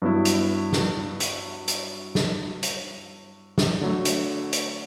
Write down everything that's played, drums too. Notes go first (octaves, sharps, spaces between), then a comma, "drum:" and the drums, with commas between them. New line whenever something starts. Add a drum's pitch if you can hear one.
G2 F#3 B3 E4
drum: hi-hat
drum: snare
drum: hi-hat
drum: hi-hat
drum: snare
drum: hi-hat
drum: snare
D3 F#3 A3
drum: hi-hat
drum: hi-hat